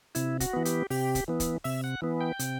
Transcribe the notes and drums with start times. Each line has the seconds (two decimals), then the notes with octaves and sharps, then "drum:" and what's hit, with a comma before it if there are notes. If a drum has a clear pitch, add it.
0.15 C3 E4, drum: hi-hat
0.40 F#4, drum: kick, hi-hat
0.53 E3 B3
0.65 G4, drum: hi-hat
0.91 C3 G4, drum: open hi-hat
1.15 drum: kick, hi-hat
1.28 E3 B3
1.40 drum: kick, hi-hat
1.64 C3 E5, drum: open hi-hat
1.84 F#5
2.02 E3 B3
2.21 G5
2.39 C3, drum: hi-hat